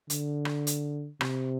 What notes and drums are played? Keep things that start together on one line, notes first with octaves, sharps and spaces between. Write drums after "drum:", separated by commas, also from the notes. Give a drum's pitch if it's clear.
D3, drum: hi-hat
drum: rim click
drum: hi-hat
C3, drum: rim click